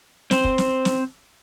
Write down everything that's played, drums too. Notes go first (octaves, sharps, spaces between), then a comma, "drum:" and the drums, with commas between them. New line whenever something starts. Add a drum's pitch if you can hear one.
C4 C5, drum: snare
drum: kick
drum: snare
drum: snare